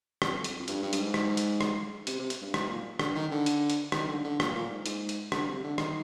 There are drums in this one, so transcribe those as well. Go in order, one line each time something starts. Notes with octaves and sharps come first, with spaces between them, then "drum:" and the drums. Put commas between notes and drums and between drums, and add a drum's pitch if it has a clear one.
F2, drum: rim click
drum: hi-hat
F2
G2, drum: hi-hat
G2
G2, drum: hi-hat
G#2
drum: rim click
drum: hi-hat
drum: rim click
C3, drum: hi-hat
C3
drum: hi-hat
G2
G#2, drum: rim click
A#2
D3, drum: rim click
D#3
D3
drum: hi-hat
drum: hi-hat
D#3, drum: rim click
D3
D3
A#2, drum: rim click
A#2
G#2
G#2, drum: hi-hat
drum: hi-hat
D3, drum: rim click
C3
D3
D#3, drum: rim click